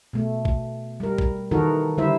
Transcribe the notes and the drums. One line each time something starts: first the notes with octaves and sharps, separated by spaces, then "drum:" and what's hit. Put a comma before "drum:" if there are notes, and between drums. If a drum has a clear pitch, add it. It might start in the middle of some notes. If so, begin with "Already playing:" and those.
B2 A3
drum: kick A1
G3 A#4
drum: kick A1
D#3 E3 D#4 F#4 A4 A#4
D3 G3 E4 C5 E5